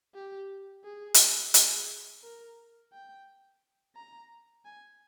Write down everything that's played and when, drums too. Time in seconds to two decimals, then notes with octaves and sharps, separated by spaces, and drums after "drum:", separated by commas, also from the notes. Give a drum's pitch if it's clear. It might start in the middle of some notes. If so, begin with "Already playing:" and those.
0.15 G4
0.85 G#4
1.14 drum: hi-hat
1.54 G#4, drum: hi-hat
2.23 A#4
2.93 G5
3.96 A#5
4.65 G#5